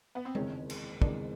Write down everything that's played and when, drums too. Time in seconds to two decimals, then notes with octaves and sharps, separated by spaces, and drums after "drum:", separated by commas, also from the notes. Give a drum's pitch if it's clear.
0.15 B3
0.25 C4
0.35 F#1 E2 C3 D#3 G#3 C#4, drum: tom G#3
0.70 drum: cymbal
1.02 F#1 E2 C3 D#3 G#3 D4, drum: kick